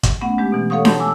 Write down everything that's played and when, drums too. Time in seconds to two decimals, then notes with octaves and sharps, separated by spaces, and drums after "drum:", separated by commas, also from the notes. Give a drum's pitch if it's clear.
0.03 drum: kick, hi-hat
0.21 A3 B3 C#4 F#5
0.38 G#3 D4 G4
0.52 B2 E3
0.70 A4 C#5 F5 F#5 C#6 D#6
0.85 A5 G6, drum: snare D4
0.99 G#5 A5 D6 E6